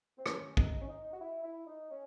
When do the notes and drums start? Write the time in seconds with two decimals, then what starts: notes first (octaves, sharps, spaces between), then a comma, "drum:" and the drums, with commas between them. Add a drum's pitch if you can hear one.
0.18 C4
0.26 C#4, drum: rim click
0.57 D#4, drum: kick
0.82 C#4
0.89 D#4
1.13 F#4
1.20 E4
1.44 E4
1.67 D#4
1.91 C#4